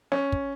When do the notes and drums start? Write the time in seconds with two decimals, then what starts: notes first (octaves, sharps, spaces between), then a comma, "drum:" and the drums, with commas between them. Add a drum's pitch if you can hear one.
0.12 C#4, drum: snare
0.32 drum: kick